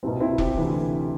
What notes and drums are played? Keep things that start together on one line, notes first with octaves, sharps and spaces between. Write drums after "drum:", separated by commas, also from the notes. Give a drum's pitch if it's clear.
C2 B2 C4
C4 E4
E4 G4, drum: kick E1
D2 C3 E3